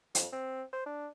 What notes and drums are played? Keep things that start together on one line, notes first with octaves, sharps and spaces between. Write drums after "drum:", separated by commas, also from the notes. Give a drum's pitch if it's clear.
F2, drum: hi-hat
C4
C5
D4